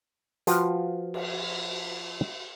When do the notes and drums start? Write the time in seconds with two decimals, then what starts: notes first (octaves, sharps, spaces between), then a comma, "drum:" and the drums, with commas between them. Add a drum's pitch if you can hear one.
0.47 F3 F4 F#4 B4 G5, drum: hi-hat
1.14 drum: cymbal